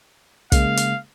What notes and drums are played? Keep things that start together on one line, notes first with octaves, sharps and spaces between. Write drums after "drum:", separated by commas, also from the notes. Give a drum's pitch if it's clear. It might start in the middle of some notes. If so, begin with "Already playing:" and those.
C#3 G#3 A#3 F5, drum: kick, hi-hat
drum: hi-hat